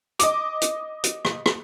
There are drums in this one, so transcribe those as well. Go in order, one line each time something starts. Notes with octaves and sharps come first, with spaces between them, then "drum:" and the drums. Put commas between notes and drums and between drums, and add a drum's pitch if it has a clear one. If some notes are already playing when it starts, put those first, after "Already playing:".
D#5 D6, drum: hi-hat
drum: hi-hat
drum: hi-hat
drum: rim click
drum: rim click